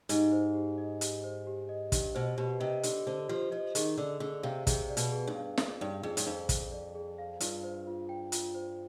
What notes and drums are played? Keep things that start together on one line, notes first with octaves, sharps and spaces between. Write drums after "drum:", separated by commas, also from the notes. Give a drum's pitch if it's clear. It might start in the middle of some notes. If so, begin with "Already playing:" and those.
G#2 G4, drum: hi-hat
C5
G4
D#5
G4, drum: hi-hat
C5
G4
D#5
G2 G4, drum: kick, hi-hat
B2 C5
B2 G4
C3 D#5
D3 G4, drum: hi-hat
D3 C5
F3 G4
F3 D#5
D#3 G#4, drum: hi-hat
D3 D5
D3 G#4
C3 F5
C3 G#4, drum: kick, hi-hat
D5
B2, drum: hi-hat
G#4
G2
F5
F2 G#4, drum: snare
G2 D5
F2 G#4
G2, drum: hi-hat
F2 F5
G#4, drum: kick, hi-hat
D5
G#4
F5
G2 F4, drum: hi-hat
C5
F4
G5
F4, drum: hi-hat
C5